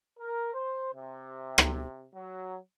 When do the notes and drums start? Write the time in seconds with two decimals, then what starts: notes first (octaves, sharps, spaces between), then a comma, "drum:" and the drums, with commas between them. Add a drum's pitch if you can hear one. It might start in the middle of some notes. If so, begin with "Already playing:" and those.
0.19 A#4
0.55 C5
0.95 C3
1.58 drum: rim click
2.15 F#3